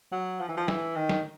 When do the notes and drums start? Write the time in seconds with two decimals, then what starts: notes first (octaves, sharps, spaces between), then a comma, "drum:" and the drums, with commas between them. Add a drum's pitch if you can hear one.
0.12 F#3
0.40 F3
0.49 E3
0.57 F3
0.68 E3, drum: snare
0.96 D#3
1.09 drum: snare